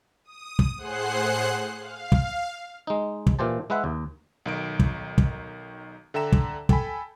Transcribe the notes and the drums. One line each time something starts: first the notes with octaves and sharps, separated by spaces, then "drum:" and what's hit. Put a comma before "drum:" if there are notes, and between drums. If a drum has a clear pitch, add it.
D#6
drum: kick
A2 G#4 C5 F#5 F#6 C7
F5
drum: kick
G#3 D#4
drum: kick
A#2 E3 G4 C5 A5
G#3 E4 B4 E5 F#5
D#2
B1 D#3 D7
drum: kick
drum: kick
D3 A4 E5 G5 A#5 E7
drum: kick
A4 G5 G#5 B5, drum: kick